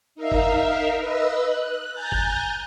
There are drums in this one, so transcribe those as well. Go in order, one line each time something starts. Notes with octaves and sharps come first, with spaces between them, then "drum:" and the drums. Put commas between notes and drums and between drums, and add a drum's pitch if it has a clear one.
D#4 A#4 E5 F5
drum: kick G1
B4 D#5 E6
F#6
G#5 A#5 F#6 G6 A6
drum: kick G1